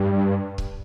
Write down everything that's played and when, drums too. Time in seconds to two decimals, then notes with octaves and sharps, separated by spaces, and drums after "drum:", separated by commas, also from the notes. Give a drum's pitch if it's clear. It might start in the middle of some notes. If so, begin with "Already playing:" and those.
Already playing: G2
0.58 drum: kick C#1